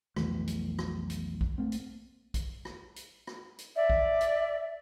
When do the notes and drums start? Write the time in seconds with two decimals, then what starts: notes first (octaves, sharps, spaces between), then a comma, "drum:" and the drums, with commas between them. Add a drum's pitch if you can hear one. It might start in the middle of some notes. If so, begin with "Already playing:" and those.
0.16 B1 F2 E3 A3, drum: rim click
0.48 drum: hi-hat
0.79 drum: rim click
1.10 drum: hi-hat
1.41 drum: kick B1
1.58 A3 A#3 C4
1.72 drum: hi-hat
2.34 drum: kick B1, hi-hat
2.65 drum: rim click
2.96 drum: hi-hat
3.27 drum: rim click
3.59 drum: hi-hat
3.76 D5 E5
3.90 drum: kick B1
4.21 drum: hi-hat